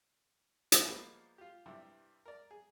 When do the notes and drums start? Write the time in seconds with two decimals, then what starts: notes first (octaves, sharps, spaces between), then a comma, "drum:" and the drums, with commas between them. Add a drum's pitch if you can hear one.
0.72 drum: hi-hat
0.83 F3 G3 G#3 A#3 B3
1.38 F4 G4
1.66 G2 C3 G3 E4
2.26 A#4 D5
2.51 G#4